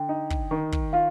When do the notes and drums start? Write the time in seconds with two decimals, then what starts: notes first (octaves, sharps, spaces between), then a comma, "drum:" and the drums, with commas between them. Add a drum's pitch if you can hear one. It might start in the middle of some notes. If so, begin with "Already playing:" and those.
Already playing: D3 G5
0.09 D#4
0.30 drum: kick
0.51 D#3
0.72 drum: kick
0.93 F4 F5